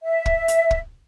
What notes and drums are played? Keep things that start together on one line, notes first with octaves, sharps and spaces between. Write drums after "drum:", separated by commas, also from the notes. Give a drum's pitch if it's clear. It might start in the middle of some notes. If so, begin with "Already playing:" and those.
E5
drum: kick
drum: hi-hat
drum: kick